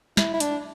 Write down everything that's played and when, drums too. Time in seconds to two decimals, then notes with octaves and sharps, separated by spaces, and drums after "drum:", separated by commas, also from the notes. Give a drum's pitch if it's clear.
0.17 E4, drum: snare
0.34 E4
0.40 D4, drum: hi-hat